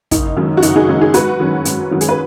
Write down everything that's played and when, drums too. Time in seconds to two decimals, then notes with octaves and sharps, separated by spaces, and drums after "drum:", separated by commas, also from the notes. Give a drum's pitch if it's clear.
0.11 F#1 D#4, drum: kick, hi-hat
0.37 F#2 D#3 G#3 C#4
0.57 F#4
0.62 F#1 D#4, drum: hi-hat
0.76 D#4 G#4
0.88 F#2 D#3 G#3 C#4
1.01 D#4 G#4
1.14 G#2 F#4 B4, drum: hi-hat
1.40 D#3 F#3 C#4
1.65 G#2, drum: hi-hat
1.91 D#3 F#3 C#4
2.01 G#4, drum: hi-hat
2.09 B4